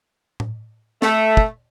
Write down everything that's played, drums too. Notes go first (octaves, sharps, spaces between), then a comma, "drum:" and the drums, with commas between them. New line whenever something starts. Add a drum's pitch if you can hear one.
drum: tom A2
A3, drum: snare
drum: kick